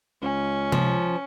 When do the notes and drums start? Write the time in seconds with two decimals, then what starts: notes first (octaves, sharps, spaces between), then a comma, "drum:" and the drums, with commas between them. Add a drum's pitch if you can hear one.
0.22 C#2 C#4
0.72 F3, drum: tom C3